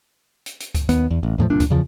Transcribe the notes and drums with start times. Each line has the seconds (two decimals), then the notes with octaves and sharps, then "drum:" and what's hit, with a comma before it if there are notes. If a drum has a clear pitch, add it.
0.46 drum: hi-hat
0.60 drum: hi-hat
0.75 drum: kick C#2, hi-hat
0.89 D#2 B3, drum: hi-hat
1.11 E2
1.23 A1
1.38 E2 A2 C#3 F3
1.50 G1 C2 A#2 D4
1.60 drum: kick C#2, hi-hat
1.70 E2 C#3 F3